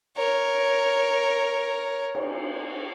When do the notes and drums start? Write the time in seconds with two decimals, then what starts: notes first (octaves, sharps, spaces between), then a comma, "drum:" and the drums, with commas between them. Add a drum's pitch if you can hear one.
0.17 A#4 C#5
2.15 drum: cymbal